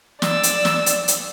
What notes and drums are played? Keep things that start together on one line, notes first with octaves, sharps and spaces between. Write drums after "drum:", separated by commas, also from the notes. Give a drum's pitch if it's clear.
D5 E6, drum: snare
drum: hi-hat
drum: snare
drum: hi-hat
drum: hi-hat